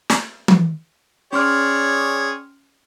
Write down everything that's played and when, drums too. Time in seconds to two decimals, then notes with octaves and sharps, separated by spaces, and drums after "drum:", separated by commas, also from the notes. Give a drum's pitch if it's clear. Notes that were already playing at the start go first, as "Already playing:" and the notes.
0.10 drum: snare
0.48 drum: tom E3
1.33 C#4 G#4 C#5 D5 C6 F6